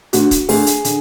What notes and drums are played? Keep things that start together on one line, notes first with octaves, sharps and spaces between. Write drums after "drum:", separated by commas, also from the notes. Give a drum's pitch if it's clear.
D2 D3 F#4, drum: hi-hat
drum: kick C#1, hi-hat
D2 D3 G#4, drum: open hi-hat
drum: hi-hat
D3, drum: hi-hat